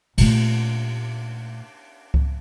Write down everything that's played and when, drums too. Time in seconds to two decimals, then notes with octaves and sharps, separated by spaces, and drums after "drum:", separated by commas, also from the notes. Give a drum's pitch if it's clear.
0.18 A#2 A3, drum: cymbal
2.14 drum: kick C#2